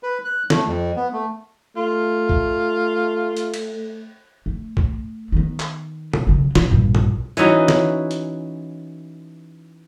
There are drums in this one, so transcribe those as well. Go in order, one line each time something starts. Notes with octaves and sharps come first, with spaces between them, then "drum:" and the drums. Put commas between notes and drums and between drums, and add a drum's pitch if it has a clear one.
B4
F#6
A3, drum: snare
F2
B3
A3
A3 F4
drum: kick B1
drum: hi-hat
drum: cymbal
A3
drum: kick B1
D#3 B3
drum: clap
drum: tom
C#3 F#3
B2, drum: snare
A#1 G2
drum: tom
E3 C#4 D#4 F#4, drum: hi-hat
drum: snare
drum: hi-hat